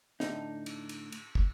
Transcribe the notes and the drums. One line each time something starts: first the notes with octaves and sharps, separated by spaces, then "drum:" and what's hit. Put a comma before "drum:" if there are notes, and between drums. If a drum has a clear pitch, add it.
A2 D3 D#4, drum: snare
drum: cymbal
drum: cymbal
drum: cymbal
drum: kick